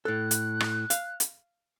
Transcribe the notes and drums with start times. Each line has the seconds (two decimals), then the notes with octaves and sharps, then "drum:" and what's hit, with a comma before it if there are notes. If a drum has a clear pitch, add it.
0.05 A2 A4 F#6
0.31 drum: hi-hat
0.60 drum: rim click
0.90 F5, drum: hi-hat
1.20 drum: hi-hat